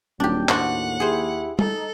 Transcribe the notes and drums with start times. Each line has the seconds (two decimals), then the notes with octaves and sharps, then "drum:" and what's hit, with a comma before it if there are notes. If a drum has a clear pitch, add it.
0.20 D#1 F#3 D4 G4 G5
0.49 D#2 A2 D4 F#4 C5 F#5, drum: clap
1.00 E4 G4 G#4 C5
1.59 D#4 A4, drum: tom